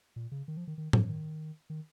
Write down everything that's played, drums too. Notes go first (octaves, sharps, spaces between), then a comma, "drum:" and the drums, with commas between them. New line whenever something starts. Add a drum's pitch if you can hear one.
A#2
C#3
D#3
F3
D#3
D#3
F3, drum: tom A2
D#3
D#3